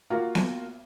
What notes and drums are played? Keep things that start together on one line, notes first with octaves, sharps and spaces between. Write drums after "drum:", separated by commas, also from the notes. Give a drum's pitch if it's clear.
A#3 F4 F#4
drum: snare B3